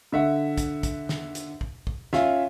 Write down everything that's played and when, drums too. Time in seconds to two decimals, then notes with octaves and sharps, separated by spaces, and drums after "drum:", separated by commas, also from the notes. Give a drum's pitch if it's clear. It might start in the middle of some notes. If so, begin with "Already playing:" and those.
0.12 D3 E5 F#5
0.57 drum: kick, hi-hat
0.83 drum: kick, hi-hat
1.09 drum: snare
1.35 drum: hi-hat
1.61 drum: kick
1.87 drum: kick
2.13 C#4 F4 E5, drum: snare